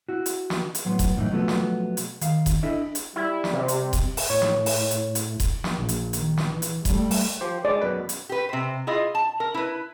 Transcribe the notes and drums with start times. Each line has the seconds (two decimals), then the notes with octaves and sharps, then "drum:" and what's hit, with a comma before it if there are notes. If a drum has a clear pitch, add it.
0.09 E4 F#4
0.26 drum: hi-hat
0.50 drum: snare
0.75 drum: hi-hat
0.85 A2 F#3 B3 C6
0.99 drum: kick D#1, hi-hat
1.16 F#2 A2 E3 D#4
1.31 B2 F3 F#3 A3 B3
1.48 drum: snare
1.97 drum: hi-hat
2.21 D#3 F5, drum: hi-hat
2.46 drum: kick D#1, hi-hat
2.63 D4 E4 A4 D#5 E5
2.95 drum: hi-hat
3.16 G3 E4
3.44 drum: snare
3.53 C3
3.68 drum: hi-hat
3.93 drum: kick D#1, hi-hat
4.17 drum: open hi-hat
4.30 A2 C#5
4.42 drum: snare
4.66 drum: open hi-hat
4.91 drum: hi-hat
5.15 drum: hi-hat
5.40 drum: kick D#1, hi-hat
5.64 drum: snare
5.77 A#1
5.89 drum: hi-hat
6.13 D#3, drum: hi-hat
6.37 drum: snare
6.47 E3
6.62 drum: hi-hat
6.85 G3 A3, drum: kick D#1, hi-hat
7.11 drum: open hi-hat
7.41 F3 G4 C5
7.65 G#3 D5
7.82 F#2 B2 B4
8.09 drum: hi-hat
8.29 G4 B4
8.49 C3 C5
8.87 E4 F4 G#4 D#5
9.15 A5
9.40 A#4
9.54 E4 B4